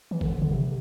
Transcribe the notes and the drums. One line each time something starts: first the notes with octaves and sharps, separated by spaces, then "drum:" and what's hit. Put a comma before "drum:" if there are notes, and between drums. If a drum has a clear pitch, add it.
E3
D3, drum: kick G#1
D3
C3